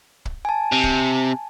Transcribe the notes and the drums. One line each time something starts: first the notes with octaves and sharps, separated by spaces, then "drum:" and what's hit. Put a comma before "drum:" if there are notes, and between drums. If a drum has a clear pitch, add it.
drum: kick
G#5 A5
C3
drum: kick